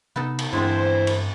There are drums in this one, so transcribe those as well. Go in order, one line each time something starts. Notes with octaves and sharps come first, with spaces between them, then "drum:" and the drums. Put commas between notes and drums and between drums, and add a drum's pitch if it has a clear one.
C3 B3 D#4 A4
drum: cymbal
G2 D3 E3 G#3 C4 E4 C5
drum: cymbal